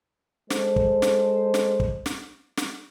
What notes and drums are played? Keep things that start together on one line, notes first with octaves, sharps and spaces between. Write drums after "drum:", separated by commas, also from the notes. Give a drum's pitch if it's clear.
G#3 A4 C5, drum: snare
drum: kick
drum: snare
drum: snare
drum: kick
drum: snare
drum: snare